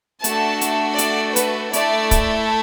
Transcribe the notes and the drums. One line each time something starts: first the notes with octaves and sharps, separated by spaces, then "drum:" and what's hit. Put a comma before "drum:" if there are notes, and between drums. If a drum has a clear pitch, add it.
A3 D4 F#4 A4 A5, drum: hi-hat
drum: hi-hat
D5, drum: hi-hat
B4, drum: hi-hat
A3 E4 A4 D5, drum: hi-hat
drum: kick, hi-hat